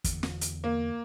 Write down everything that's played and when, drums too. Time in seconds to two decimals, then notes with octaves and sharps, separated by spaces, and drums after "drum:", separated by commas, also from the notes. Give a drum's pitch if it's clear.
0.04 E2 D3, drum: kick, hi-hat
0.23 drum: snare
0.41 drum: hi-hat
0.64 A#3